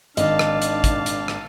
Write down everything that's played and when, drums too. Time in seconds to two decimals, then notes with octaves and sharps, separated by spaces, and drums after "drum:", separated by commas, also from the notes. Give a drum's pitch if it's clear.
0.17 G#1 D#3 D4 D#5 F5 A5, drum: hi-hat
0.39 drum: rim click
0.62 drum: hi-hat
0.84 drum: kick, hi-hat
1.06 drum: hi-hat
1.28 drum: rim click